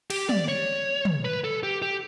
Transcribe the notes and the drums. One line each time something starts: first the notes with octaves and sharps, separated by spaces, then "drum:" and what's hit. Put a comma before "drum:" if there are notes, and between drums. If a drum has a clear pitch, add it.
G4, drum: cymbal
D5, drum: tom
C#5
drum: tom
B4
A4
G4
G4